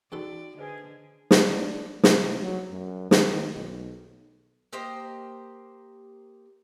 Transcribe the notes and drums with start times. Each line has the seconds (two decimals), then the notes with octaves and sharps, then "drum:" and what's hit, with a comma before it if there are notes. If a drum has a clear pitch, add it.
0.12 E2 B2 D#4 F#4 A4 D5 G5
0.58 D3 G#4 B4 C5 D#5
1.31 drum: snare
1.41 D4
2.04 C3, drum: snare
2.41 F#3
2.71 F#2
3.11 D#3, drum: snare
3.54 B1
4.73 A#3 G4 C5 D#5